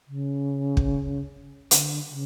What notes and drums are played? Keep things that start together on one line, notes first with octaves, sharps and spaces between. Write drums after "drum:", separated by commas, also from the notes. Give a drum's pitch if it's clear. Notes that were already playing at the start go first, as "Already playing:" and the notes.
C#3
drum: kick
D3, drum: hi-hat
C#3